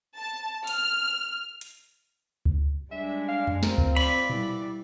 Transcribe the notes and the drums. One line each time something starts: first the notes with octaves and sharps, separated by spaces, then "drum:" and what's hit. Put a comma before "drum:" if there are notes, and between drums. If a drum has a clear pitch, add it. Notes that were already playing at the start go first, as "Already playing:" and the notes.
A5
F6, drum: hi-hat
drum: hi-hat
drum: kick C#2
G3 G#3 D4 E5
F5
drum: tom F2
C4 F4 A#4, drum: snare
drum: kick C#2
D5 B5, drum: cymbal
E3 G3, drum: tom A#2